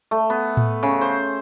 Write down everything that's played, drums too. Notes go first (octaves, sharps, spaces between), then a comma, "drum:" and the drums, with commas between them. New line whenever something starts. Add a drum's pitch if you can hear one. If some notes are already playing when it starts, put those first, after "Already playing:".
A3
B3
drum: tom A2
C#3
C5